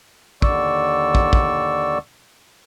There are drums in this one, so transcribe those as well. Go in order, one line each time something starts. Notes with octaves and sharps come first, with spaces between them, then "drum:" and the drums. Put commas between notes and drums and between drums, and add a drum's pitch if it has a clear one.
D#2 D3 D5 C#6 E6, drum: kick
drum: kick
drum: kick